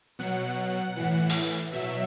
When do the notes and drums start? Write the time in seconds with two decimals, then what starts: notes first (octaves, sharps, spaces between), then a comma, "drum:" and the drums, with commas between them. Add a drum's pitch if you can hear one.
0.19 B2 F#3 F#5
0.96 A2 E3
1.29 drum: open hi-hat
1.72 B2 F#3 E5